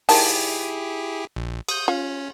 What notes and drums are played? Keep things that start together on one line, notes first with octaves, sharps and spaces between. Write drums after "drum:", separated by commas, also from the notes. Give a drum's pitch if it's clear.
D#3 E4 G4 G#4 A5, drum: open hi-hat
A#1
D#6 G6, drum: cymbal
C#4 F4